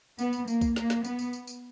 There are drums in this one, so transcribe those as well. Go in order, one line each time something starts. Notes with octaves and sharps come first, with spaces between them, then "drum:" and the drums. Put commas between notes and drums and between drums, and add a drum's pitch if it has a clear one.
B3, drum: tambourine
drum: tambourine
A#3, drum: tambourine
drum: kick B1, tambourine
A#3, drum: snare
drum: snare
B3, drum: tambourine
drum: tambourine
drum: tambourine
drum: tambourine